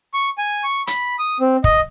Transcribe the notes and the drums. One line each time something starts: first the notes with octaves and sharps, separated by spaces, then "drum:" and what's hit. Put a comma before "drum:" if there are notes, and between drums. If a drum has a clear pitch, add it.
C#6
G#5
C#6
B5, drum: hi-hat
D#6
C4
D#5, drum: kick